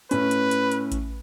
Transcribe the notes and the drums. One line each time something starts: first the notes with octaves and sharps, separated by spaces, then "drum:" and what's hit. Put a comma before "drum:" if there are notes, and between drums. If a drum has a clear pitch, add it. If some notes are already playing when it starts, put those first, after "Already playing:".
A2 C#4 B4, drum: hi-hat
drum: hi-hat
drum: hi-hat
drum: hi-hat
drum: kick A1, hi-hat